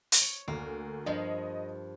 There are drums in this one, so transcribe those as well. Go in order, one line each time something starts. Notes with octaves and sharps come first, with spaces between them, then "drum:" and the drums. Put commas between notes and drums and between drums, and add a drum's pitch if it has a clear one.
drum: hi-hat
C#5
D2 A#3
G2 F3 D#5 C6